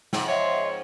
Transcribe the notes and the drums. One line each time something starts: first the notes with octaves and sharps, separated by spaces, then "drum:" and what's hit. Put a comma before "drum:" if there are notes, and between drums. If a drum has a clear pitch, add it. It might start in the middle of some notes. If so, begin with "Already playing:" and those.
G#2 F3 C4, drum: snare
C#5 D#5 E5 C6